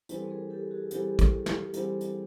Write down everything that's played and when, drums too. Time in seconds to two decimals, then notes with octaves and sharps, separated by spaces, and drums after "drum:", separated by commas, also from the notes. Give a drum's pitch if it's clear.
0.09 E3 G3 C4 A4 B4, drum: hi-hat
0.30 G#4 A#4
0.50 G4 A4
0.71 F#4 G#4
0.91 E3 G3 C4 G4 A4, drum: hi-hat
1.19 drum: kick, hi-hat
1.46 drum: snare
1.74 E3 G3 C4, drum: hi-hat
2.01 drum: hi-hat